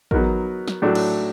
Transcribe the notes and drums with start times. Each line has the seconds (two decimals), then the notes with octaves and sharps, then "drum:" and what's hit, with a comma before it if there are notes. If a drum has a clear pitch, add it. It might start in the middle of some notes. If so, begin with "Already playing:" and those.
0.11 F#3 B3 D#4 F#4 A#4, drum: kick
0.68 drum: snare
0.82 A2 F#3 A3 D4 F#4
0.95 drum: cymbal